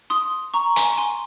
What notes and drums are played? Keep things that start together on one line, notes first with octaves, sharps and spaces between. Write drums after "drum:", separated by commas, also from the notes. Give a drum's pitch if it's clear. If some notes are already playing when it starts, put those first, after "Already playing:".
C6 D#6
A#5 C#6
G#5 C6, drum: hi-hat
G#5 C6